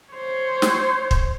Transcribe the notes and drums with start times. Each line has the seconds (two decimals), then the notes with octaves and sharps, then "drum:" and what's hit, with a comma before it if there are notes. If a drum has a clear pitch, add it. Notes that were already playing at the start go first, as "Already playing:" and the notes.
0.13 C5 C#5
0.62 drum: snare
1.11 drum: kick